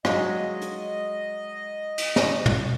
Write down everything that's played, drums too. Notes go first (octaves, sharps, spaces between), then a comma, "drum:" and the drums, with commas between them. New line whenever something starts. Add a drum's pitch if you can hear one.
F#3 G#3 F4 D#5 F5, drum: rim click
drum: hi-hat
drum: cymbal
drum: snare
drum: tom